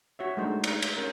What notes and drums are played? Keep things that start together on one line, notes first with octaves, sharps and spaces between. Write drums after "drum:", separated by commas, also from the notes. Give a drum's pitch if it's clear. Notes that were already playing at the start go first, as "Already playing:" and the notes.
F#4 C#5 E5
G#3 A3 D4 D#4 C5
D#4, drum: cymbal
drum: cymbal
C#4 A#4